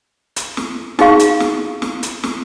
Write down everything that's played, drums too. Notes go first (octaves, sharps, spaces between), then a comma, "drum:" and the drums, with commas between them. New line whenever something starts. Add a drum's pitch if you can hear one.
drum: hi-hat
drum: snare
D#4 F#4 G#4 F5 C#6, drum: snare
drum: hi-hat
drum: snare
drum: snare
drum: hi-hat
drum: snare